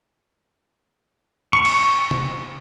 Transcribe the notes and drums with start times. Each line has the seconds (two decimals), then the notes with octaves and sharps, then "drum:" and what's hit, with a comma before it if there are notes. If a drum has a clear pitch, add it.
1.53 C#6
1.65 drum: cymbal
2.11 drum: tom